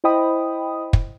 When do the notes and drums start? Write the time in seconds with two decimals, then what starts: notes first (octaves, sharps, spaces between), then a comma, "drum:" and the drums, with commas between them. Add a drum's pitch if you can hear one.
0.04 E4 C5 D#5 G5 B5 D#6
0.93 drum: kick